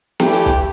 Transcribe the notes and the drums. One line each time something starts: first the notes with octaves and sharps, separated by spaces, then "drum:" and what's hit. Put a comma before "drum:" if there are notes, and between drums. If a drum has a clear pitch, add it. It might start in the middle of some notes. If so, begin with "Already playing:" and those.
G2 E3 A3 G4, drum: snare
drum: hi-hat
drum: kick B1, hi-hat